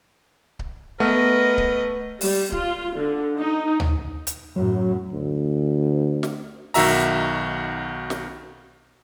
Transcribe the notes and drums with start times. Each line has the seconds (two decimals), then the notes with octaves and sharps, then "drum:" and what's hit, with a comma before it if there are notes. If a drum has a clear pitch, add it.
0.59 drum: kick C#1
1.00 A3 B3 A#4 B4 D#5
1.58 drum: kick C#1
2.21 G3, drum: open hi-hat
2.52 F4, drum: kick C#1
2.98 D3
3.40 D#4
3.80 drum: tom
4.27 drum: hi-hat
4.56 F#2 A2 F#3
5.12 D2
6.23 drum: snare
6.74 B1 D#3 F#4 E5 A#5, drum: open hi-hat
8.10 drum: snare